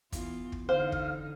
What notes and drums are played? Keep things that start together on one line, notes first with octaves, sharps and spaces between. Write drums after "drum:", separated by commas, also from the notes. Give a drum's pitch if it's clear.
E3 B3 F4, drum: kick, hi-hat
drum: kick
D3 E3 D#4 C5 F5
drum: kick